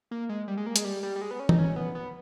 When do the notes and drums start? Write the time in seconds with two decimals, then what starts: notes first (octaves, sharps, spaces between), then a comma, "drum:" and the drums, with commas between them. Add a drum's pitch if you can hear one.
0.11 A#3
0.29 G#3
0.48 G3
0.57 G#3
0.66 A#3
0.76 G#3, drum: hi-hat
0.84 G3
1.03 G3
1.16 G3
1.22 G#3
1.31 B3
1.40 C#4
1.49 D#4, drum: tom
1.58 C#4
1.76 B3
1.95 B3